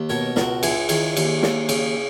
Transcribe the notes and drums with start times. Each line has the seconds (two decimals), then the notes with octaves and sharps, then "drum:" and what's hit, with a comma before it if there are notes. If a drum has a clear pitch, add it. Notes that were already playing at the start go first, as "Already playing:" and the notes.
Already playing: D#2
0.09 B2 A#4 C#5
0.36 C#2 F#4 A#4, drum: snare
0.63 C#2 E4 G#4, drum: cymbal
0.89 D#3 E4 G#4, drum: cymbal
1.17 D#2, drum: cymbal
1.43 D#2, drum: snare
1.69 C#3, drum: cymbal